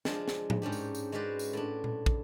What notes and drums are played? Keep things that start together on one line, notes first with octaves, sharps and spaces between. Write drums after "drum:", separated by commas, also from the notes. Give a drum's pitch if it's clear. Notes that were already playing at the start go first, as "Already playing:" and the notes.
F3 G#3 D4, drum: snare
drum: snare
drum: tom A2
G#2 C#4 D4 G4
drum: tambourine
drum: tambourine
G#3 C#4 F#4 B4 C5 D5
drum: tambourine
A2 D4
drum: tom A#2
drum: kick